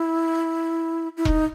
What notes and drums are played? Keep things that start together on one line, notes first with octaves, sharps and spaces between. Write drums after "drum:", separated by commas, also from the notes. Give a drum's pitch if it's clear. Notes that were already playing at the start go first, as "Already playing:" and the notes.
Already playing: E4
E4
D#4, drum: kick E1